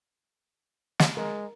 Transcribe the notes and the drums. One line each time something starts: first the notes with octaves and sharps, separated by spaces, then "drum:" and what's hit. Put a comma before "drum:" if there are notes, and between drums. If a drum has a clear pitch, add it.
drum: snare
G#3 A#4